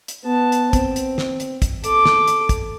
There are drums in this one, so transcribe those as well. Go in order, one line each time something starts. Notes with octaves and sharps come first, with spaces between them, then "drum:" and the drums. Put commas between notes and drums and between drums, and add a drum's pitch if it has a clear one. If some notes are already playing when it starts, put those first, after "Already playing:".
drum: hi-hat
B3 A5
drum: hi-hat
C4, drum: kick, hi-hat
drum: hi-hat
drum: snare
drum: hi-hat
drum: kick, hi-hat
A4 D6, drum: hi-hat
drum: snare
drum: hi-hat
drum: kick, hi-hat